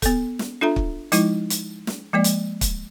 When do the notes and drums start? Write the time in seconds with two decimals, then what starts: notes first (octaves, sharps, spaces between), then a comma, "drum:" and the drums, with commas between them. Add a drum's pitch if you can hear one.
0.02 B3 A4, drum: kick, hi-hat
0.39 drum: snare
0.61 D4 F4 A4 E5 A#5
0.76 drum: kick
1.12 F3 G#3 D#4 E4, drum: hi-hat
1.50 drum: hi-hat
1.87 drum: snare
2.13 F3 G#3 A#3 D5
2.24 drum: hi-hat
2.61 drum: kick, hi-hat